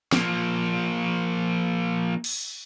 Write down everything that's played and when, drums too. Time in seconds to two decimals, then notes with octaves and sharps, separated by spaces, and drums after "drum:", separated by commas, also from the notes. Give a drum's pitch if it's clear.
0.12 F3 A#3, drum: snare
2.24 drum: cymbal